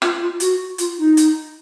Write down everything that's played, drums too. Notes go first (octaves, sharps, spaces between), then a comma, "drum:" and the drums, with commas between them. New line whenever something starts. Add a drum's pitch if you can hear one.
F4, drum: rim click
F4
F#4, drum: hi-hat
F4, drum: hi-hat
D#4
drum: hi-hat